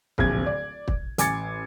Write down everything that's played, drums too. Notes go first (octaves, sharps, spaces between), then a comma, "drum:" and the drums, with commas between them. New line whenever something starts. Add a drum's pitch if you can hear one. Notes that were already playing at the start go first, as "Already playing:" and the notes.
D1 A#1 C3 G#6, drum: kick
D5
drum: kick
A1 G#5 D6 G#6 A6 C#7, drum: hi-hat